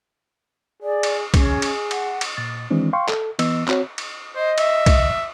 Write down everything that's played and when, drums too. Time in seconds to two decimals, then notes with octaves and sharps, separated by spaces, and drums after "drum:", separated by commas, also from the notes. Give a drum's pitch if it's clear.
0.83 G#4 D5
1.03 drum: cymbal
1.34 C#4 G#4, drum: kick, cymbal
1.62 drum: cymbal
1.91 F#5, drum: cymbal
2.21 drum: cymbal
2.37 A#2 A6
2.70 D#3 E3 G#3 C4 D4
2.93 F5 G5 C6 C#6
3.08 A4, drum: clap
3.39 E3 B3 D#5 E6, drum: cymbal
3.68 C4 F#4 C#5, drum: clap
3.98 drum: cymbal
4.35 C5 D#5
4.58 E5, drum: cymbal
4.86 drum: kick, cymbal